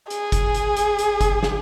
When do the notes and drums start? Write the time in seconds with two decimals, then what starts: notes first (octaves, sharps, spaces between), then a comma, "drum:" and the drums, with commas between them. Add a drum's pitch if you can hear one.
0.10 G#4, drum: hi-hat
0.32 drum: kick G1, hi-hat
0.54 drum: hi-hat
0.76 drum: hi-hat
0.99 drum: hi-hat
1.21 drum: kick G1, hi-hat
1.43 drum: snare